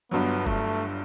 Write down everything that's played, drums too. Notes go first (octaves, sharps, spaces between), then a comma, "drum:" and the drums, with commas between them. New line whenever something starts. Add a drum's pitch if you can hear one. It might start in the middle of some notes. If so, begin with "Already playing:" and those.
G1 G2 F#3 B3
A3, drum: kick F1